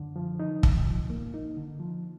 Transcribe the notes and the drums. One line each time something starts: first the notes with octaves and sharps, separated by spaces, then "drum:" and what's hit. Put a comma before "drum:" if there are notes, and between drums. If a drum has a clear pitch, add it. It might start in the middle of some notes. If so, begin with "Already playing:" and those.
Already playing: F#2 D3
F3
D#4
D3, drum: kick
F3
A#3
D#4
D3
F3